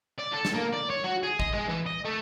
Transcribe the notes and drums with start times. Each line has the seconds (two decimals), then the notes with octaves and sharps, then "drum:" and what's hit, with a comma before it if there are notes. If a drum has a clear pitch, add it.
0.19 D5
0.34 A4
0.45 drum: snare
0.55 A#3
0.73 D5
0.90 C#5
1.04 F#4
1.23 G#4
1.40 D#5, drum: kick A1
1.54 G#3
1.69 E3
1.86 D#5
2.05 A3